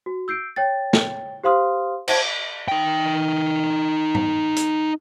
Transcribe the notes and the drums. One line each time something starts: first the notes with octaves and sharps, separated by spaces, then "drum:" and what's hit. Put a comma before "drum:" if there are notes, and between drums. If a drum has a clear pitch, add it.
F#4
E6 G6 C7 D7
C#5 G5 A6
drum: snare
G4 C5 F5 C6 D#6 F6
C5 F#5 A5 G#6, drum: cymbal
D#4 G5
drum: tom G#2
drum: hi-hat